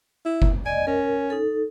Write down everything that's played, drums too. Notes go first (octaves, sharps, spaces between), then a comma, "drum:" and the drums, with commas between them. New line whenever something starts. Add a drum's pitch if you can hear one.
E4
drum: kick F#1
D5 D#5 G#5
C#4 A#4
D#4 A4